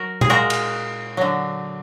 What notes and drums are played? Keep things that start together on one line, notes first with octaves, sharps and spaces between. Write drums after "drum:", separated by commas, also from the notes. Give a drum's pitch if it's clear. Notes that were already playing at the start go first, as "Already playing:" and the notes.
Already playing: F#3 F#4 A#4
G#4, drum: tom B2
A#2 G#3 F#4 A#4
drum: cymbal
D3 F#3